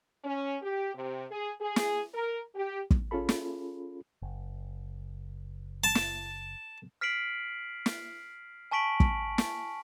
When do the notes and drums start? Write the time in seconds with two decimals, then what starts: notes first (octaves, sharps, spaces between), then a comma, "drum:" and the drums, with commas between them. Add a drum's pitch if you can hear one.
0.24 C#4
0.62 G4
0.95 C3
1.31 G#4
1.60 G#4
1.76 drum: snare
2.14 A#4
2.55 G4
2.91 drum: kick
3.11 C#4 F4 G#4 A4 B5
3.29 drum: snare
4.22 F#1
5.84 A5
5.95 drum: snare
7.01 F6 B6 C7 D7 F#7
7.86 drum: snare
8.71 G#5 A5 C#6 B6 D7 F#7
9.00 drum: kick
9.38 drum: snare